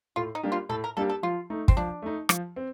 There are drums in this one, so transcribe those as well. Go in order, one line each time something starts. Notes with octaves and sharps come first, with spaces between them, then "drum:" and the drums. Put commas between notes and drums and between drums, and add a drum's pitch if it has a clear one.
A2 F4
D#4
G3 A#3 D4 G4
F4
A2 A4
A#4
G3 A#3 D4 G4 A4
A4
F3 F4
A3 D#4
C4, drum: kick
F3 D4
A3 D#4
F3, drum: rim click
C4